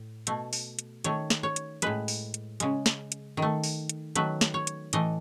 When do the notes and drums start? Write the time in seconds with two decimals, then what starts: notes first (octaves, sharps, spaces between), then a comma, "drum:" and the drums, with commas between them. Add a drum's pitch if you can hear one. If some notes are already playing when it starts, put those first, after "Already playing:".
Already playing: A2
0.27 B2 A3, drum: hi-hat
0.53 drum: open hi-hat
0.79 drum: hi-hat
1.04 D#3 A3 C#5, drum: hi-hat
1.30 drum: snare
1.43 C#5
1.56 drum: hi-hat
1.82 A2 G#3 B4, drum: hi-hat
2.08 drum: open hi-hat
2.34 drum: hi-hat
2.60 C#3 G#3, drum: hi-hat
2.86 drum: snare
3.12 drum: hi-hat
3.37 D#3
3.42 A3
3.64 drum: open hi-hat
3.89 drum: hi-hat
4.16 D#3 F#3 A3 B4, drum: hi-hat
4.41 drum: snare
4.54 C#5
4.67 drum: hi-hat
4.93 A2 E3 A3 D#5, drum: hi-hat